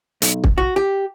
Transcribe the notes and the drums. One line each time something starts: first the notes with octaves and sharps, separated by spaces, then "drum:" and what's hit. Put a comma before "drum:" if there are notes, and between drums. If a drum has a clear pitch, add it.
B1, drum: hi-hat
drum: kick
F#4
G4